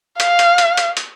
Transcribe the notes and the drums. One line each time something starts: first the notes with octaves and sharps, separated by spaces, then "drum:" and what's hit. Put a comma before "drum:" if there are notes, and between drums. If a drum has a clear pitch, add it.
F5, drum: hi-hat
drum: hi-hat
drum: hi-hat
drum: hi-hat
drum: hi-hat